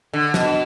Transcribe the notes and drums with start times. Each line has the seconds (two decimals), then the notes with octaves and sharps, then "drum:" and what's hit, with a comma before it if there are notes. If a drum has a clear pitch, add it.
0.13 D3
0.34 B2, drum: snare